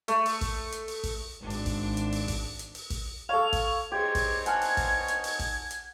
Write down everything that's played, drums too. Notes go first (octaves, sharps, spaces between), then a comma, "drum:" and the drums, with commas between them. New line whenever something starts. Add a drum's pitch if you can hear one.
A3, drum: hi-hat
drum: open hi-hat
drum: kick, open hi-hat
drum: hi-hat
drum: open hi-hat
drum: kick, open hi-hat
G#1 D4
drum: open hi-hat
drum: kick, open hi-hat
drum: hi-hat
drum: open hi-hat
drum: kick, open hi-hat
drum: hi-hat
drum: open hi-hat
drum: kick, open hi-hat
A4 C#5 F5 F7
drum: kick, open hi-hat
C4 D#4 G4 G#4 C#5 G#6
drum: kick, open hi-hat
F#5 G#5 A5 F6, drum: hi-hat
drum: open hi-hat
drum: kick, open hi-hat
drum: hi-hat
drum: open hi-hat
drum: kick, open hi-hat
drum: hi-hat